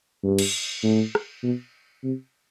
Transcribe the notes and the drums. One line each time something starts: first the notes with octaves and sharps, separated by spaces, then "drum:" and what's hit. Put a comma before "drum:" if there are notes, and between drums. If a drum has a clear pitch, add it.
G2
drum: cymbal
A2
drum: rim click
B2
C3